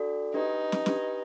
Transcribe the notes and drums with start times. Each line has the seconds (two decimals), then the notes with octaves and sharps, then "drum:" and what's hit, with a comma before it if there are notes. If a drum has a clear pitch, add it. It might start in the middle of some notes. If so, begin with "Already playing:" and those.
Already playing: D4 F#4 A4 D5
0.34 D4 D#4 G4 B4
0.72 drum: snare
0.86 D4 G4 B4, drum: snare